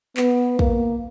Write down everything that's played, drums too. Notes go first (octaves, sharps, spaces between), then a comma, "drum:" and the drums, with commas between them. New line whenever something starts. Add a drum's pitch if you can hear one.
B3, drum: clap
A#3, drum: kick